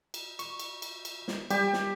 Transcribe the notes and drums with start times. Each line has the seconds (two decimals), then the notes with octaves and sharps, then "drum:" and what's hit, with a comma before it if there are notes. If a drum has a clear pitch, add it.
0.14 drum: cymbal
0.39 C#6, drum: cymbal
0.59 drum: cymbal
0.82 drum: cymbal
1.05 drum: cymbal
1.28 drum: snare
1.50 G3 G4, drum: cymbal
1.73 drum: snare